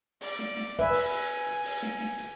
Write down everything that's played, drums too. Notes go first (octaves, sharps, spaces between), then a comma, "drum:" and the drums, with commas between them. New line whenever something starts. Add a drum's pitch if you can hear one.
D5, drum: open hi-hat
drum: snare
drum: snare
B4 E5 G#5
drum: open hi-hat
drum: open hi-hat
drum: hi-hat
drum: open hi-hat
drum: snare
drum: snare
drum: hi-hat